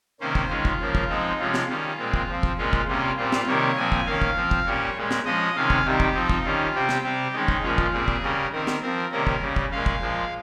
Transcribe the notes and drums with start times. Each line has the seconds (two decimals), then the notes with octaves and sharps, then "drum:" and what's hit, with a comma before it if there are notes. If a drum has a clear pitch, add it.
0.20 C3 D#3 A#3 C#4 C5
0.35 drum: kick
0.50 D#3 G#3 C#4 F4
0.65 drum: kick
0.80 C#3 F3 A#3 C#4
0.95 drum: kick
1.09 F3 G#3 C4 D#4
1.39 C3 F3 G#3 C#4 F4
1.54 drum: snare
1.69 D#3 G3 C#4 F4
1.98 A#2 G#3 C4
2.14 drum: kick
2.29 F3 C4
2.43 drum: kick
2.58 A#2 G#3 C#4 F4
2.73 drum: kick
2.88 C3 G3 A#3 C#4 F4
3.17 A#2 G3 C4 F4
3.32 drum: snare
3.47 C3 D#3 G3 A#3 C#5
3.77 A#2 F3 C4 G#5
3.92 drum: kick
4.06 D#3 A#3 C#4 F5
4.22 drum: kick
4.36 F3 C4
4.51 drum: kick
4.66 A#2 G3 A#3 C#4 C#5
4.96 A#2 G#3 C#4
5.11 drum: snare
5.25 F3 G#3 C#4 D#5
5.55 C3 D#3 G#3 C#4 F5
5.70 drum: kick
5.85 C3 D#3 G3 G4
6.00 drum: kick
6.14 F3 C4 D#4
6.30 drum: kick
6.44 D#3 G3 C#4 F4
6.74 C3 G3 C4 G4
6.89 drum: snare
7.04 C3 G3 C4 G4
7.33 D#3 G#3 C#4 D#4
7.48 drum: kick
7.63 A#2 F3 G#3 C#4 F4
7.78 drum: kick
7.93 A#2 G3 C4 G#4
8.08 drum: kick
8.23 C#3 G3 C#4 A#4
8.52 D#3 G3 C4 A#4
8.67 drum: snare
8.82 F3 C4 A#4
9.12 C3 D#3 G3 A#3 C#4 A#4
9.27 drum: kick
9.41 C#3 G3 C#4
9.56 drum: kick
9.71 A#2 G#3 C#4 F5
9.86 drum: kick
10.01 A#2 F3 G#3